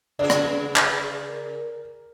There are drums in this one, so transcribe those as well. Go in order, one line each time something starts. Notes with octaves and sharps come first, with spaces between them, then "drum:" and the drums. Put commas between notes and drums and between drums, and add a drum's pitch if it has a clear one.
C#3 G#4 B4 D5
drum: rim click
drum: clap
A#4